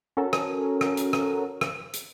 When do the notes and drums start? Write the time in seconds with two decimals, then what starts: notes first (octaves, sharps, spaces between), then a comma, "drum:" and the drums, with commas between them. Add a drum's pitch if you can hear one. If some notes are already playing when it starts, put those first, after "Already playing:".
0.17 C#4 F#4 A4 A#4
0.33 drum: rim click
0.81 drum: rim click
0.97 drum: hi-hat
1.13 drum: rim click
1.61 drum: rim click
1.93 drum: hi-hat